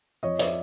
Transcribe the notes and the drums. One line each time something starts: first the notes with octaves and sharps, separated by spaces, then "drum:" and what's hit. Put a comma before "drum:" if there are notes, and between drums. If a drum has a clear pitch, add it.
F2 C#5 D#5
D5 E5, drum: hi-hat